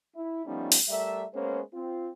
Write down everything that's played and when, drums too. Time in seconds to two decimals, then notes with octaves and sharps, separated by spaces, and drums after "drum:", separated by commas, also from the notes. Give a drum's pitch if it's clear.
0.15 E4
0.46 F3 G3 A3 B3 C#4 D#4
0.72 drum: open hi-hat
0.89 G3 A3 A#4 E5
1.33 G#3 A#3 B3 C#4 C5 C#5
1.74 C4 F4